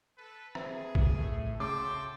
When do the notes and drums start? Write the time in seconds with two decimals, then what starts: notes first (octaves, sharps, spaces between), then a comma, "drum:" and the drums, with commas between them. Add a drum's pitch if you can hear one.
0.18 A4 B4
0.55 C4 G#4 B4 E5, drum: rim click
0.95 drum: kick A#1
1.18 A2 E5
1.60 C#3 F#4 E5 G5 A5 C6 D6